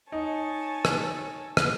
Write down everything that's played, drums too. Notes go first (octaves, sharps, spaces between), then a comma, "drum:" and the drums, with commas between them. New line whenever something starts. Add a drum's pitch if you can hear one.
D#4 C#5 G#5 A5
drum: rim click
drum: rim click